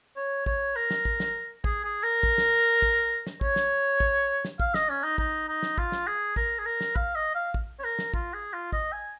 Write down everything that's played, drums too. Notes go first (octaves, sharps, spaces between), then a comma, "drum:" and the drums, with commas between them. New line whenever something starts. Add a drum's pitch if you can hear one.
C#5
C#5, drum: kick
A#4
drum: snare
drum: kick
drum: snare
G#4, drum: kick
G#4
A#4
drum: kick
drum: snare
drum: kick
drum: snare
C#5, drum: kick
drum: snare
drum: kick
drum: snare
F5, drum: kick
D#5, drum: snare
C#4
D#4
D#4, drum: kick
D#4
drum: snare
F4, drum: kick
drum: snare
G#4
A#4, drum: kick
G#4
A#4
drum: snare
F5, drum: kick
D#5
F5
drum: kick
C#5
A#4
drum: snare
F4, drum: kick
G#4
F4
D#5, drum: kick
G#5